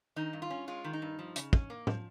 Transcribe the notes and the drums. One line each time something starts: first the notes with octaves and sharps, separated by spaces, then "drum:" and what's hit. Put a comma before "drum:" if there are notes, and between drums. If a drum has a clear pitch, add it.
D#3 D#4
G2
F4
C#4
G#3 F4
D#3
D#4
G2
F3
C#3, drum: hi-hat
C#4, drum: kick
A#3
F3, drum: tom